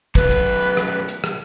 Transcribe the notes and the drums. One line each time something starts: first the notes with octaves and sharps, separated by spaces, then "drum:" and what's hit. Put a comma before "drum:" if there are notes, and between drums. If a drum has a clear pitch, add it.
F#2 B3 B4, drum: kick, hi-hat
drum: hi-hat
drum: rim click
drum: hi-hat
drum: rim click